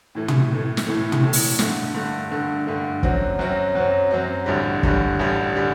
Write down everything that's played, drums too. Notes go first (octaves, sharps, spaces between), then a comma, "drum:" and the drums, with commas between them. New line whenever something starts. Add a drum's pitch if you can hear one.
A2 E3 A3
drum: tom
A2 E3 A3
drum: snare
A2 E3 A3
drum: tom
A2 E3 A3
drum: open hi-hat
G2 D3 A3, drum: snare
G2 D3 A3
G2 D3 A3
G2 D3 A3
F#2 F#3 C4 F#4, drum: kick
F#2 F#3 C4 F#4
F#2 F#3 C4 F#4
F#2 F#3 C4 F#4
A1 G2 D3 G3
A1 G2 D3 G3, drum: kick
A1 G2 D3 G3
D3 G3